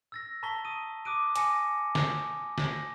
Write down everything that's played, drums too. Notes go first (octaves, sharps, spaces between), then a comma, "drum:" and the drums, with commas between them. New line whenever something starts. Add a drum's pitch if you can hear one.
E6 A6 A#6
A5 A#5 C#6 A6 B6 G7
D#6 D#7
D6 D#6 F#6 D7 D#7
G#5 D6 A#6 C#7, drum: hi-hat
drum: snare
A#6, drum: snare